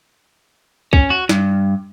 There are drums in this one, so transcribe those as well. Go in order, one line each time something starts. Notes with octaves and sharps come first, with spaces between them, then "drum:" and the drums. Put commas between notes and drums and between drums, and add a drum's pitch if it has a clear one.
C#4, drum: kick
F#4
G2, drum: snare